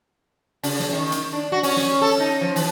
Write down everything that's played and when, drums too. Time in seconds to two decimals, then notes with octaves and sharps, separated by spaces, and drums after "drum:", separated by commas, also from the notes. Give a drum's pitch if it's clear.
0.63 C#3, drum: open hi-hat
0.80 drum: snare
0.93 D#3
1.12 drum: hi-hat
1.33 D4
1.52 F#4
1.63 C#4, drum: open hi-hat
1.77 drum: snare
2.01 A4
2.20 D#4
2.41 F3
2.56 E3, drum: open hi-hat